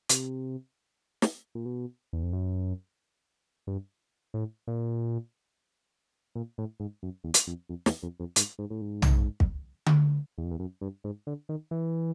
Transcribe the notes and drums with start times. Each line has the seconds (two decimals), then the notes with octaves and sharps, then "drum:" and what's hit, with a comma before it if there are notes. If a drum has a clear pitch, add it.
0.09 C3, drum: hi-hat
1.22 drum: snare
1.55 A#2
1.66 B2
2.13 E2
2.23 F2
2.33 F#2
3.67 G2
4.34 A2
4.67 A#2
6.35 A#2
6.58 A2
6.80 G#2
7.03 F#2
7.24 E2
7.34 drum: hi-hat
7.47 F2
7.69 F2
7.86 E2, drum: snare
8.03 F2
8.20 F2
8.36 G#2, drum: hi-hat
8.59 G#2
8.70 A2
8.81 G#2
9.02 drum: tom
9.40 drum: kick
9.86 drum: tom D3
10.38 E2
10.44 F2
10.51 E2
10.59 F#2
10.81 G2
11.04 G#2
11.27 D3
11.49 D#3
11.71 E3